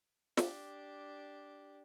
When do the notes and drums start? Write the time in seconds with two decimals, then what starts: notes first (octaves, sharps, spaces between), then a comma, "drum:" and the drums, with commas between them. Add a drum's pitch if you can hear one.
0.37 D4 G4, drum: snare